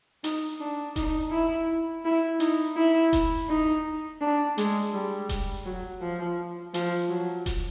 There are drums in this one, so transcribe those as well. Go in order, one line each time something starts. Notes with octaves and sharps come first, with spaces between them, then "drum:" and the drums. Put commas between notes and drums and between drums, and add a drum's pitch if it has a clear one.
D#4, drum: hi-hat
D4
D#4, drum: kick E1, hi-hat
E4
E4
D#4, drum: hi-hat
E4
drum: kick E1, hi-hat
D#4
D4
G#3, drum: hi-hat
G3
drum: kick E1, hi-hat
F#3
F3
F3, drum: hi-hat
F#3
drum: kick E1, hi-hat